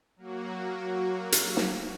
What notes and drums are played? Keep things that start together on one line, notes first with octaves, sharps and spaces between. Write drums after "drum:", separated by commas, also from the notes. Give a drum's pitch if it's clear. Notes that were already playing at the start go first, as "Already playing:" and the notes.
F#3 A#3 F#4
drum: hi-hat
drum: snare